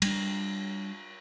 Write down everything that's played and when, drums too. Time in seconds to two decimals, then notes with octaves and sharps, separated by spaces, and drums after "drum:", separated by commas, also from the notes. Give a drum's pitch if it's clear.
0.02 G3 D4, drum: cymbal